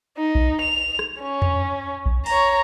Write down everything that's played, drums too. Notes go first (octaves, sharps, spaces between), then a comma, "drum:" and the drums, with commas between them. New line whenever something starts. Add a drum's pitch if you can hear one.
D#4
drum: kick A#1
F7
drum: rim click
C#4
drum: tom E2
drum: kick A#1
C#5 A#5, drum: open hi-hat